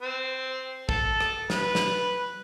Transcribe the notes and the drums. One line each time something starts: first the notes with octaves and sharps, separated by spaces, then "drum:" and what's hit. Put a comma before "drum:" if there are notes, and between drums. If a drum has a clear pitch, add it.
C4
A4, drum: kick
drum: rim click
B4, drum: snare
drum: snare